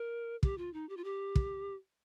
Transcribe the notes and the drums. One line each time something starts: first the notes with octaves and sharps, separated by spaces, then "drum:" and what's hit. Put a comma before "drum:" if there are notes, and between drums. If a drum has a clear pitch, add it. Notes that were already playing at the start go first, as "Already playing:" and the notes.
Already playing: A#4
G4, drum: kick
F4
D#4
G4
F4
G4
drum: kick